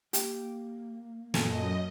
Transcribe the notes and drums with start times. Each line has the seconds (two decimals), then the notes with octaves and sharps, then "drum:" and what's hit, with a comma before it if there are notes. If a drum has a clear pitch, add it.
0.13 A#3 G4, drum: hi-hat
1.34 F#2 A#2 A4 D#5, drum: snare